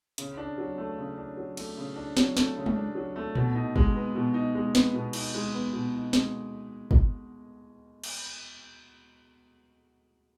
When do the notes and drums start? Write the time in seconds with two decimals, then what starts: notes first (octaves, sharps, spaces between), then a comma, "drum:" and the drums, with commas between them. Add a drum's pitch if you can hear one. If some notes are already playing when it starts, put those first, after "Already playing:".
0.18 C#3, drum: hi-hat
0.37 D4
0.58 F#3
0.78 A3
0.98 C#3
1.18 D4
1.37 F#3
1.57 A3, drum: cymbal
1.77 C#3
1.96 D4
2.17 F#3, drum: snare
2.37 A3, drum: snare
2.56 C#3
2.66 drum: tom G#3
2.76 D4
2.95 F#3
3.16 A3
3.35 B2, drum: tom A#2
3.55 D#4
3.76 G#3, drum: kick G1
3.96 B3
4.15 B2
4.34 D#4
4.55 G#3
4.75 B3, drum: snare
4.94 B2
5.13 D#4, drum: cymbal
5.34 G#3
5.54 B3
5.73 B2
5.94 D#4
6.13 G#3, drum: snare
6.91 drum: kick G1
8.04 drum: cymbal